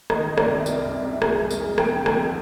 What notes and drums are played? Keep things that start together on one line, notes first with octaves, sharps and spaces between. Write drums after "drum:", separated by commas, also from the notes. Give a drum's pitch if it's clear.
D#3 D#5, drum: rim click
D#3
D5, drum: rim click
C2
C3 A#4, drum: tambourine
C2
C2
G#3 G#4, drum: rim click
F2
A#4, drum: tambourine
G#3
F2 G5, drum: rim click
D3
G#5, drum: rim click
F2